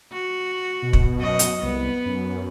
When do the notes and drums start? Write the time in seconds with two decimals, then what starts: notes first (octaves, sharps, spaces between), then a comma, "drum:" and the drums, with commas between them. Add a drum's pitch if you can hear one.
0.13 F#4
0.82 B2
0.93 drum: kick
1.18 F#2 F#4 D#5
1.39 drum: hi-hat
1.63 C2 B3
2.06 F#2